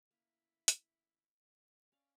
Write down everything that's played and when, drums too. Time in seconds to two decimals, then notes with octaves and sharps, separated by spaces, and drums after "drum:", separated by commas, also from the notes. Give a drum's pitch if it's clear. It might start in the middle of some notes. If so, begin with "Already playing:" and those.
0.11 C#3 A3 A#3 E4
0.68 drum: hi-hat
1.92 C#4 D5 F5